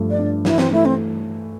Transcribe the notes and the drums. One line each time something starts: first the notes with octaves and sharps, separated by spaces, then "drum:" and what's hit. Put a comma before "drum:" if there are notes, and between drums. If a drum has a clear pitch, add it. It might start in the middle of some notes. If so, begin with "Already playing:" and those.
Already playing: G2 F3 A3
D5
D4
E3 E4, drum: snare
C4, drum: snare
A3 E4
C4